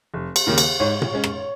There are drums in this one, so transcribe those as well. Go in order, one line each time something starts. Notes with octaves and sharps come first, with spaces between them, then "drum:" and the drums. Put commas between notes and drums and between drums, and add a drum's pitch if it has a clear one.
F1
drum: cymbal
D#2 C#3 A#3 C#4
drum: cymbal
G#2 C#5
drum: tom A#2
G#3 C#4
drum: rim click